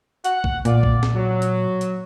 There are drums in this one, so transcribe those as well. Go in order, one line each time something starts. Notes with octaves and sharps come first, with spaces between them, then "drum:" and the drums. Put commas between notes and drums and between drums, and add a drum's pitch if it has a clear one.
F#5, drum: hi-hat
drum: kick B1
A#2 F4 D5, drum: hi-hat
drum: kick B1
drum: snare
F#3
drum: hi-hat
drum: hi-hat